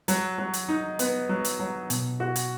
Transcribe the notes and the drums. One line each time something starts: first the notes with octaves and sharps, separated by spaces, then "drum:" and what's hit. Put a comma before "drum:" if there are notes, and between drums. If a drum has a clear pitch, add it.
F#3, drum: hi-hat
F#3
drum: hi-hat
D#4
B3, drum: hi-hat
F#3
drum: hi-hat
F#3
B2, drum: hi-hat
F#4
drum: hi-hat